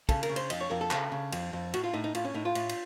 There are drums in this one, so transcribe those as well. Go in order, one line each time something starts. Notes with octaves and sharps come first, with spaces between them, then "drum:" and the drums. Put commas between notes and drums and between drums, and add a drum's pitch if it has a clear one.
C#3 A4, drum: kick, cymbal
A#4, drum: cymbal
C#3
C5, drum: cymbal
F2 D#5, drum: cymbal
C#5
F2 A#4
A4
C#3, drum: clap
C#3
F2, drum: cymbal
F2
A2 F#4, drum: cymbal
F4
A2 D#4
D#4
A2 F4, drum: cymbal
C#4
A2 D#4
F4
A2, drum: cymbal
drum: cymbal